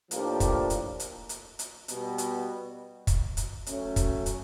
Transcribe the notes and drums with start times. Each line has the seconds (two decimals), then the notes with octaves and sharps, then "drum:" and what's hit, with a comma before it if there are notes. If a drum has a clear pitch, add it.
0.11 A2 F3 A#3 D4 G4, drum: hi-hat
0.40 drum: kick, hi-hat
0.70 drum: hi-hat
1.00 drum: hi-hat
1.29 drum: hi-hat
1.59 drum: hi-hat
1.88 B2 G3 B3, drum: hi-hat
2.18 drum: hi-hat
3.07 drum: kick, hi-hat
3.37 drum: hi-hat
3.66 F#3 A3 C#4, drum: hi-hat
3.96 drum: kick, hi-hat
4.26 drum: hi-hat